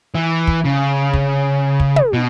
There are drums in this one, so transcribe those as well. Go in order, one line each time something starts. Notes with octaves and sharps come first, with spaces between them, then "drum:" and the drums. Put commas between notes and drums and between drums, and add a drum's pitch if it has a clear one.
E3
drum: kick
C#3
drum: kick
drum: kick
drum: tom
B2